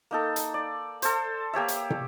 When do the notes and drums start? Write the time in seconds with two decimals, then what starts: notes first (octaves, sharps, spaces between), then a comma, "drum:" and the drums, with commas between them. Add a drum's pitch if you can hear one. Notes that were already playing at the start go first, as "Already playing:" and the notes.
0.11 A#3 D#4 A4
0.36 drum: hi-hat
0.54 D5
1.02 A4 C5, drum: hi-hat
1.53 A#3 G4 C#5 E5
1.68 drum: hi-hat
1.90 drum: tom